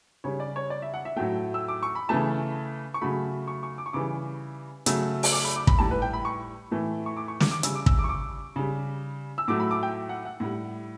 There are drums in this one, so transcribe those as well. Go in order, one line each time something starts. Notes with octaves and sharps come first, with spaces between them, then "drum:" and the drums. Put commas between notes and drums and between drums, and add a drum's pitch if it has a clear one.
C#3 G3 C#5
D5
C#5
D5
E5
F#5
E5
A2 F#3 A3 G5
E6
D6
C#6
B5
C#3 E3 A3 A5
C#6
C#3 F#3 A3 B5
C#6
C#6
D6
C#6
C#3 E3 G3 D6
C#3 F#3 A3 E6, drum: hi-hat
drum: open hi-hat
D6
B5
D6
B5, drum: kick
A2 G3 A5
B4
G5
B5
C#6
A2 E3 A3
C#6
D6
C#6
D6, drum: snare
D6
C#3 G3 E6, drum: hi-hat
D6
E6, drum: kick
D6
C#6
D6
C#3 G3
E6
A2 F#3 A3 D6
B5
D6
G5
F#5
F#5
A2 G3